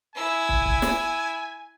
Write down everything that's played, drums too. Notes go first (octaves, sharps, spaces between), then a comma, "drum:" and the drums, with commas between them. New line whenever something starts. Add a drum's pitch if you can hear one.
E4 G#5 E6
drum: kick
drum: kick
drum: snare